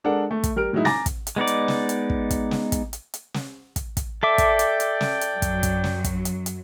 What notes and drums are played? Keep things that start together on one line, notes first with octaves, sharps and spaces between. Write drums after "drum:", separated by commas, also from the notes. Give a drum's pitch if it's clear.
G#3 D4 A4 A#4 F#5
A3
drum: kick, hi-hat
G3 A#4 F6 D7
A2 F#3 G#3 D#4 E4
G#5 A#5 D6 A6 A#6, drum: snare
drum: kick, hi-hat
drum: hi-hat
G#3 B3 D#4 D5
drum: hi-hat
drum: snare
drum: hi-hat
drum: kick
drum: kick, hi-hat
drum: snare
drum: kick, hi-hat
drum: hi-hat
drum: hi-hat
drum: snare
drum: kick, hi-hat
drum: kick, hi-hat
A4 D5 E5 G5 D6
drum: kick, hi-hat
drum: hi-hat
drum: hi-hat
drum: snare
drum: hi-hat
F#2 F#3
drum: kick, hi-hat
drum: kick, hi-hat
drum: snare
drum: kick, hi-hat
drum: hi-hat
drum: hi-hat